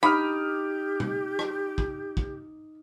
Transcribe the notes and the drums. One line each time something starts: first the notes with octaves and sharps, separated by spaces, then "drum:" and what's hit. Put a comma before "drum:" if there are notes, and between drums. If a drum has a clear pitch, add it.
D#4 G4 B5 D6 D#6 F6
drum: tom B2
drum: rim click
drum: kick
drum: kick